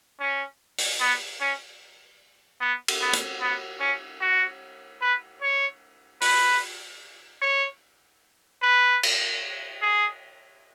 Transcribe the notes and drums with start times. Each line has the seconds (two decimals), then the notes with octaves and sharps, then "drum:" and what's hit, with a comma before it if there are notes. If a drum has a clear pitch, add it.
0.20 C#4
0.78 drum: open hi-hat
1.00 B3
1.41 C#4
2.61 B3
2.88 drum: cymbal
3.01 B3
3.13 drum: hi-hat
3.41 B3
3.80 C#4
4.21 F#4
5.01 B4
5.42 C#5
6.21 B4, drum: open hi-hat
7.42 C#5
8.62 B4
9.03 drum: cymbal
9.82 G#4